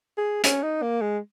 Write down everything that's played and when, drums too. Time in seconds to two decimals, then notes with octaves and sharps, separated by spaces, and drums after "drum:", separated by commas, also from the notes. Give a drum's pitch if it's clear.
0.18 G#4
0.44 C#4, drum: hi-hat
0.63 D#4
0.82 A#3
1.01 G#3